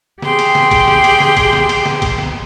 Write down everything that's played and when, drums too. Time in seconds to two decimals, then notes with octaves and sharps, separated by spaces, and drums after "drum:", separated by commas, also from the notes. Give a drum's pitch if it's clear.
0.22 G4 G#4 G5 C6, drum: snare
0.39 drum: cymbal
0.55 drum: snare
0.71 drum: kick, cymbal
0.88 drum: snare
1.04 drum: cymbal
1.20 drum: snare
1.37 drum: kick, cymbal
1.53 drum: snare
1.69 drum: cymbal
1.86 drum: snare
2.02 drum: kick, cymbal
2.18 drum: snare